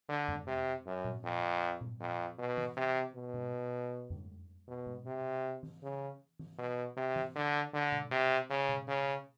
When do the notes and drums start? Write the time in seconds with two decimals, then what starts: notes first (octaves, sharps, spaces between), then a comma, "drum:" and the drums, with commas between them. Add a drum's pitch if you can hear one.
0.09 D3
0.28 drum: tom F2
0.47 C3
0.86 F#2
1.05 drum: tom A#2
1.24 F2
1.81 drum: tom A#2
2.00 F2
2.38 B2
2.57 drum: tom E3
2.77 C3
3.15 B2
3.34 drum: tom B2
4.10 drum: tom F2
4.68 B2
4.87 drum: tom B2
5.06 C3
5.63 drum: tom E3
5.83 C#3
6.39 drum: tom E3
6.58 B2
6.97 C3
7.16 drum: tom E3
7.36 D3
7.73 D3
7.92 drum: tom B2
8.11 C3
8.50 C#3
8.69 drum: tom B2
8.88 C#3